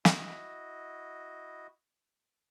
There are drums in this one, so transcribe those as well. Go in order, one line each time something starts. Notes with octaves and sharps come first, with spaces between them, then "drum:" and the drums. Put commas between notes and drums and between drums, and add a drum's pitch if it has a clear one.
E4 F#4 D#5, drum: snare